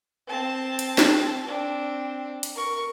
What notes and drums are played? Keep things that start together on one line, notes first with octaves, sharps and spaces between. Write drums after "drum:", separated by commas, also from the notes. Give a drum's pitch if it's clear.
C4 A5
drum: hi-hat
drum: snare
C4 D4
drum: hi-hat
A#4 C#6